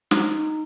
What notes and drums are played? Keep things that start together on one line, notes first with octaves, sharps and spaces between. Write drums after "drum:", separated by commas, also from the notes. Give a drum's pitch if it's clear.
D#4, drum: snare